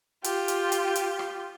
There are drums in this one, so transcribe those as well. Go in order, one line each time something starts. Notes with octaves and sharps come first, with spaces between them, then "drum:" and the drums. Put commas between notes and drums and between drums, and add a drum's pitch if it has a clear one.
F4 G4, drum: hi-hat
drum: hi-hat
drum: hi-hat
drum: hi-hat
drum: rim click